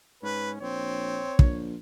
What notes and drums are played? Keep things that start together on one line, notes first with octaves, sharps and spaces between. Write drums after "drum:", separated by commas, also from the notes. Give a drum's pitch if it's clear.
G#2 C#4 B4
A#1 C4 C#5
A#1, drum: kick